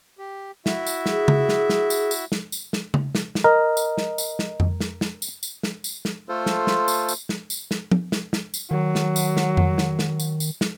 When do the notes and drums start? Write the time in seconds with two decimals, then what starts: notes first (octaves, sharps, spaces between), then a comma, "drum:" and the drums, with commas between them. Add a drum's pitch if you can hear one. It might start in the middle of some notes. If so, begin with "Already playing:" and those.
0.18 G4
0.66 E4 F#4 E5, drum: snare
0.87 drum: tambourine
1.06 G#4, drum: snare
1.28 drum: tom C#3
1.49 drum: snare
1.69 drum: snare
1.90 drum: tambourine
2.11 drum: tambourine
2.32 drum: snare
2.52 drum: tambourine
2.73 drum: snare
2.94 drum: tom C#3
3.15 drum: snare
3.35 drum: snare
3.44 A#4 D#5
3.77 drum: tambourine
3.98 drum: snare
4.18 drum: tambourine
4.39 drum: snare
4.60 drum: tom F2
4.80 drum: snare
5.01 drum: snare
5.22 drum: tambourine
5.43 drum: tambourine
5.63 drum: snare
5.84 drum: tambourine
6.05 drum: snare
6.29 A3 F4 A4 C5
6.46 drum: snare
6.67 drum: snare
6.88 drum: tambourine
7.09 drum: tambourine
7.29 drum: snare
7.50 drum: tambourine
7.71 drum: snare
7.91 drum: tom F3
8.12 drum: snare
8.33 drum: snare
8.54 drum: tambourine
8.71 D#3 F#3
8.95 drum: snare
9.16 drum: tambourine
9.37 drum: snare
9.57 drum: tom F2
9.78 drum: snare
9.99 drum: snare
10.20 drum: tambourine
10.40 drum: tambourine
10.61 drum: snare